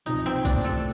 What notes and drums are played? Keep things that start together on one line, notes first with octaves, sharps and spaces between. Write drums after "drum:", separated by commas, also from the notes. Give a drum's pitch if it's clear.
C2 C3 F3 D#4
C4
C2 A#2 A3 D4, drum: kick
A4